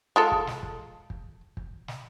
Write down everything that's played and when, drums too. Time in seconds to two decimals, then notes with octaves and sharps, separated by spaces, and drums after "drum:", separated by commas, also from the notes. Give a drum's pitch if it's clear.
0.16 G#3 F4 A4
0.32 drum: kick
0.47 drum: snare
0.63 drum: kick
1.10 drum: kick
1.57 drum: kick
1.88 drum: snare